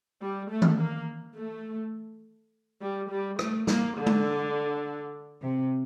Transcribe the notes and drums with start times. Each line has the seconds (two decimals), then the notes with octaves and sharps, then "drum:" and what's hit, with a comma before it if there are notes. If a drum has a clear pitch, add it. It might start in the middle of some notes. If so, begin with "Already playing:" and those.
0.21 G3
0.50 A3
0.62 drum: tom D#3
0.80 A#3
1.37 A3
2.81 G3
3.10 G3
3.39 A3, drum: rim click
3.67 A#3, drum: snare
3.97 D3
4.06 drum: tom G#3
5.41 C3